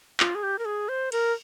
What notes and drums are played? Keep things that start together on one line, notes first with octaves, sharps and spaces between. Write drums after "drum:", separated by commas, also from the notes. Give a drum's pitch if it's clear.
F4, drum: clap
G#4
G4
A#4
G#4
C5
A#4, drum: cymbal